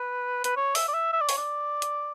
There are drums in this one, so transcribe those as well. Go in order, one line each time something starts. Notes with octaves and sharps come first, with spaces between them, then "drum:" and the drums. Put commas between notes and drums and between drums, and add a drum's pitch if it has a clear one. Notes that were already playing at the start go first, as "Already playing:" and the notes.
Already playing: B4
B4, drum: hi-hat
C#5
E5, drum: open hi-hat
D5
E5
E5
D5
C#5, drum: open hi-hat
D5
drum: hi-hat